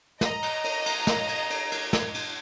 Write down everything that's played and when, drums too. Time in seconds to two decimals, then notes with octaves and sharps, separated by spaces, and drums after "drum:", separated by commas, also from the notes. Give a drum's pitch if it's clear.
0.21 D#5 A#5, drum: snare
0.43 drum: cymbal
0.64 drum: cymbal
0.86 drum: cymbal
1.07 drum: snare
1.29 drum: cymbal
1.50 drum: cymbal
1.72 drum: cymbal
1.93 drum: snare
2.15 drum: cymbal